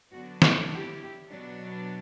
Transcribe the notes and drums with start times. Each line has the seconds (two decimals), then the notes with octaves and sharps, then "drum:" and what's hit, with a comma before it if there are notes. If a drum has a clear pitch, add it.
0.13 D3 F#3 B3 D4 F#4
0.42 F#4, drum: snare
0.71 E4 G4
1.30 B2 F#3 B3 D4